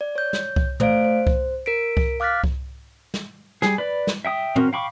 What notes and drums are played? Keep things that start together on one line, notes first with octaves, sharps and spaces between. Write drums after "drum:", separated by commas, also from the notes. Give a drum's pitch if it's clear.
D5
C#5 G6
drum: snare
drum: kick C2
A3 C5 D5 F5 D7, drum: tom
C5
drum: kick C2
A#4 B6 D7
drum: kick C2
F5 D6 F6 F#6 A6 B6
drum: kick C2
drum: snare
G3 G#4, drum: snare
B4 D5 B5
drum: snare
E5 G5 D#6
C4 C#4 F#4 A#4, drum: tom
F5 G5 B5 C#6 D6